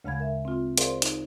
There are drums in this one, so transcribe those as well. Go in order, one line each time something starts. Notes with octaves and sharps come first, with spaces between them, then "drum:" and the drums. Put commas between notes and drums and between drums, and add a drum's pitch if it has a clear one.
D2 C#3 G#3 F5 B5 G#6
A#4 E5
C4 F4
G#4 A#4 C5 D5 F5 C6, drum: hi-hat
D#4, drum: hi-hat